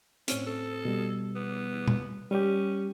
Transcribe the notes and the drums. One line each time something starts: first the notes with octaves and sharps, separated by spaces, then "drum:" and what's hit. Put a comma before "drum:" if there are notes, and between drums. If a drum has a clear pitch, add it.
A2 C4 C#4, drum: hi-hat
A4
B2 G3
B3
drum: tom B2
G3 C#4 G4